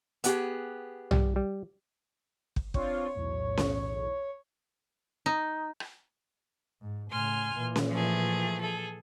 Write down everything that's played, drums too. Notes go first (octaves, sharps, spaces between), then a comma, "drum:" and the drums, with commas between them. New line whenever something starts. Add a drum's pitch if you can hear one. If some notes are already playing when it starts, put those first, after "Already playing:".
B3 G4 G#4, drum: hi-hat
G3, drum: tom
G3
drum: kick
C4 D4 F4 C#5, drum: kick
B1 E2 A2
drum: snare C#4
D#4
drum: rim click
G#2
A2 C#3 G#5 C6 F6
A#2 E3
drum: snare C#4
F3 A3 G#4
G#4 A4